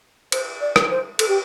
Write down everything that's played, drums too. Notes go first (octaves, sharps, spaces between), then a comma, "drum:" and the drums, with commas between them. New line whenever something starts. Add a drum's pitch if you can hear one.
C5, drum: cymbal
D5
drum: rim click
C5
A4, drum: cymbal
G4